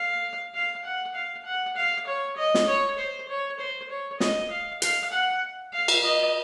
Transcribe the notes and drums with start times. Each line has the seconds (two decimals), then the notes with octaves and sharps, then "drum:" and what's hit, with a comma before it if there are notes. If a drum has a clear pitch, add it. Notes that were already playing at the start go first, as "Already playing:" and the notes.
Already playing: F5
0.54 F5
0.85 F#5
1.15 F5
1.45 F#5
1.76 F5
2.07 C#5
2.37 D#5
2.54 drum: snare
2.68 C#5
2.98 C5
3.29 C#5
3.60 C5
3.90 C#5
4.20 D#5, drum: snare
4.51 F5
4.82 F5, drum: hi-hat
5.12 F#5
5.73 F5
5.88 drum: cymbal
6.04 D#5